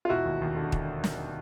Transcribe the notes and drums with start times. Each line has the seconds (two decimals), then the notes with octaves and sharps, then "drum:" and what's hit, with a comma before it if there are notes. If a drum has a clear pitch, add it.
0.05 F4
0.09 E1 E4 F#4
0.25 D#2
0.42 D#2
0.56 D3
0.72 drum: kick
1.04 drum: snare